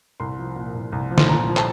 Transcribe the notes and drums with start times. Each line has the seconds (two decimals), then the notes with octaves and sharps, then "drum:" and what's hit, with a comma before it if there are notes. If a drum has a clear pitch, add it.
0.20 C2 C6
0.38 F3
0.56 A#2
0.75 C2
0.92 C2
1.11 F3
1.18 C6, drum: snare
1.29 A#1 A#5
1.47 F3
1.57 A5, drum: clap